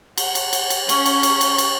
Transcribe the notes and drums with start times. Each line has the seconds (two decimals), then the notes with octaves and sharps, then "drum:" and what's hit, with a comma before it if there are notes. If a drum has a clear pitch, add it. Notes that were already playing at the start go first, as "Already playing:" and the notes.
0.18 F#5, drum: cymbal
0.35 drum: cymbal
0.53 drum: cymbal
0.70 drum: cymbal
0.89 C#4 C#6, drum: cymbal
1.06 drum: cymbal
1.23 drum: cymbal
1.41 drum: cymbal
1.58 drum: cymbal